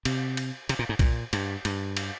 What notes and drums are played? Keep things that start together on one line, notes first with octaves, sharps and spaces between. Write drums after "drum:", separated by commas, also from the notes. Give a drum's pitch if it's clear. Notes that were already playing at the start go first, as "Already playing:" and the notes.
C3, drum: cymbal
drum: cymbal
C3, drum: cymbal
A#2
G#2
A#2, drum: kick B1, cymbal
G2, drum: cymbal
G2, drum: cymbal
drum: cymbal